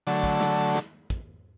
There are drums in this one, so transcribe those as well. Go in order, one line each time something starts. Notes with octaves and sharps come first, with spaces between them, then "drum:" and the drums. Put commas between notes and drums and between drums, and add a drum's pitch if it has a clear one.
D3 F#3 A3, drum: hi-hat
drum: kick
drum: snare
drum: snare
drum: kick, hi-hat